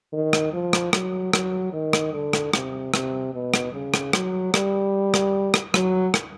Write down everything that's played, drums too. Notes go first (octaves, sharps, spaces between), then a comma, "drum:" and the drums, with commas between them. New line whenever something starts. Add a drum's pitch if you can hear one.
D#3
drum: rim click
F3
drum: rim click
F#3, drum: rim click
F#3, drum: rim click
D#3
drum: rim click
D3
drum: rim click
C3, drum: rim click
C3, drum: rim click
B2
drum: rim click
C#3
drum: rim click
F#3, drum: rim click
G3, drum: rim click
drum: rim click
drum: rim click
F#3, drum: rim click
drum: rim click